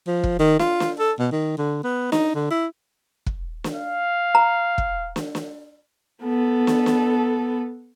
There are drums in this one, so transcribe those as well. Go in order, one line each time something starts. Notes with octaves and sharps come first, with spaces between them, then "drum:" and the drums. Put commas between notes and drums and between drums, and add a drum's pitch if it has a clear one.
F3
drum: kick
D#3
F4, drum: snare
drum: snare
A4
B2
D#3
D3
B3
D#4, drum: snare
D3
E4
drum: kick
drum: snare
F5
A#5
drum: kick
drum: snare
drum: snare
B3 A4
drum: snare
drum: snare